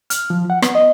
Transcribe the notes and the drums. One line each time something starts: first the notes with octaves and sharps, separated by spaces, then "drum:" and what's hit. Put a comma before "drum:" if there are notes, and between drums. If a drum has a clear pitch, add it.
F6, drum: hi-hat
F3
F#5
B3, drum: rim click
D#5